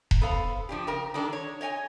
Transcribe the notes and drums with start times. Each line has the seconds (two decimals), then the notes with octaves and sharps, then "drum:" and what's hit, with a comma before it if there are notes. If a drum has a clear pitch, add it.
0.11 drum: kick E1
0.21 B3 A4 C5 F5
0.69 F3 D4 G4
0.87 C#3 A#4 G5
1.14 D#3 G3 D4 A4
1.33 C#5
1.61 C#5 D#5 G5 G#5